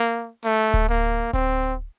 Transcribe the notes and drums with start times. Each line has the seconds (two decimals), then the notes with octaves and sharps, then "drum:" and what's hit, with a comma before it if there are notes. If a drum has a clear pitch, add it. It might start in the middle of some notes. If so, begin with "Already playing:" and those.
Already playing: A#3
0.44 A3, drum: hi-hat
0.74 drum: kick D1, hi-hat
0.89 A#3
1.03 drum: hi-hat
1.33 C4, drum: kick D1, hi-hat
1.63 drum: hi-hat